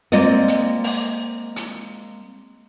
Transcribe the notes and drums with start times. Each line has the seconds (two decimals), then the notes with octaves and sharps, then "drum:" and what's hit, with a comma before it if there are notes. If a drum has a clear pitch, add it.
0.12 G#3 A#3 C4 F4 D5 D#5, drum: hi-hat
0.48 drum: hi-hat
0.84 drum: open hi-hat
1.56 drum: hi-hat